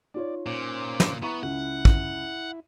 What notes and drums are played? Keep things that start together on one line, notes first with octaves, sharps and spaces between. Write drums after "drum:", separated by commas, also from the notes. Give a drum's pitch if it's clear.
D#4 F4 C#5 D5
A#2 C#4 C5 D6
drum: snare
B3 E4 A#5 C#6 D#7
C#2 F#5
drum: kick